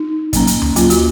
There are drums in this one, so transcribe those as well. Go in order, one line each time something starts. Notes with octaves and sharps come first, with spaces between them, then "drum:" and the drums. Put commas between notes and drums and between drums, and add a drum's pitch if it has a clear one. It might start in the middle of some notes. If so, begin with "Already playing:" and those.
Already playing: D#4
F#3 A#3 C#4, drum: kick, hi-hat
drum: hi-hat
drum: tom D2
F#3 A#3 C#4 F4, drum: hi-hat
F#4, drum: hi-hat